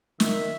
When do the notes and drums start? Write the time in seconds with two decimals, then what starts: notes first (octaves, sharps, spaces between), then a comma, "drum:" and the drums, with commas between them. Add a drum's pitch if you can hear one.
0.20 D#3 E5, drum: snare